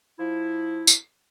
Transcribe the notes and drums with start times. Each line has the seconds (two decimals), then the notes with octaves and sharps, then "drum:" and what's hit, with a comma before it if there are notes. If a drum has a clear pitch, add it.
0.19 F3 E4
0.87 drum: tambourine